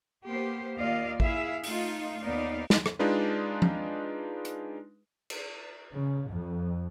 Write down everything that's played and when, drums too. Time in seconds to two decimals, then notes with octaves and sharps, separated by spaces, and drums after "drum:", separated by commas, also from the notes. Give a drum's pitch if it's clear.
0.24 A#3 B3 G4 C5
0.77 D#2 A#3 F4 D5 D#5 F5
1.20 E4 G#4 E5 F5, drum: kick
1.64 A3 D#4 F4, drum: open hi-hat
2.20 D#2 B3 D#4 D5 F5
2.70 drum: snare
2.86 drum: rim click
2.99 G#3 D4 D#4 F4 B4
3.62 drum: tom F3
4.45 drum: hi-hat
5.30 drum: cymbal
5.93 C#3
6.29 F2